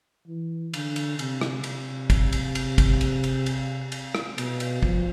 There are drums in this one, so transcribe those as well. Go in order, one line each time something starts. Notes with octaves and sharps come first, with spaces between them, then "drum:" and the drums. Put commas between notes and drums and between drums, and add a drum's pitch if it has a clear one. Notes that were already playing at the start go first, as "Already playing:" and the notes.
E3
D3, drum: cymbal
drum: cymbal
C3, drum: cymbal
drum: rim click
C3, drum: cymbal
drum: kick, cymbal
drum: cymbal
drum: cymbal
drum: kick, cymbal
drum: cymbal
drum: cymbal
drum: cymbal
drum: cymbal
drum: rim click
B2, drum: cymbal
drum: cymbal
F3, drum: kick